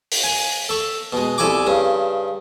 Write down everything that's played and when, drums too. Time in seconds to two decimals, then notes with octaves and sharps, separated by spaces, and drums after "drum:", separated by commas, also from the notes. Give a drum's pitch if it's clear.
0.12 drum: open hi-hat
0.24 G#5
0.69 A4 C#6
1.12 B2 G#3
1.38 C2 A4 G#5 B5 C#6 D6
1.67 G2 C#3